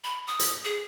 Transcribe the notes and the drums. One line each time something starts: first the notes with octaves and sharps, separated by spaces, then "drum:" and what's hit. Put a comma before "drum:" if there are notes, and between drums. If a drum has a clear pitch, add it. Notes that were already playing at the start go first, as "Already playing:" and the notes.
B5
D#6
drum: hi-hat
G#4